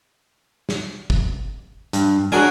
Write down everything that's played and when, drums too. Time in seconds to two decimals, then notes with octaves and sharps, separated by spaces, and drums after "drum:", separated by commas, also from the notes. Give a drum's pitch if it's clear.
0.69 drum: snare
1.10 drum: kick
1.93 G2, drum: hi-hat
2.32 D4 F#4 G#4 A#4 C#5 G#5, drum: tom